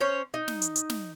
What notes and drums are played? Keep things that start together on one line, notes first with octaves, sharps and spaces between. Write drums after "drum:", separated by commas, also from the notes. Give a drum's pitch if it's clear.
C#4 C5 C#5
D#4
drum: snare
drum: hi-hat
drum: hi-hat
drum: snare